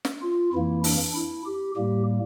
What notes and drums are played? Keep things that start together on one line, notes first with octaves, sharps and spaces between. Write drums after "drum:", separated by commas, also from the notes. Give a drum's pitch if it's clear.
drum: snare
F4
F2 E3 A#3 E4
D4, drum: open hi-hat
E4
G4
A2 G3 A#3 G4